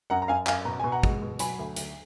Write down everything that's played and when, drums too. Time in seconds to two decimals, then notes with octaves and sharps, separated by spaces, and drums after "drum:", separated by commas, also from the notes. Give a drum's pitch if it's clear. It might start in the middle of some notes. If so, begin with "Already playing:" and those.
0.10 F#2 F#5 A#5
0.22 A#5
0.28 F#2 F5 G#5
0.47 F#2 F5 G#5, drum: clap
0.65 B2 A#5
0.80 B2 G#5
0.92 F#5 A#5
1.03 G#3, drum: kick
1.22 B2
1.39 F#3 G#5 B5, drum: hi-hat
1.59 D2
1.76 D2, drum: hi-hat